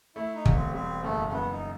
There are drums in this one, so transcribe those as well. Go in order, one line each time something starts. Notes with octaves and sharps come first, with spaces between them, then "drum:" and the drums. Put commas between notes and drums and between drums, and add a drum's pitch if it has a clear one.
A3 E4
D#4
E1, drum: kick
C4
G3 C4
F#1 A3
A3
F#2 B3
D#4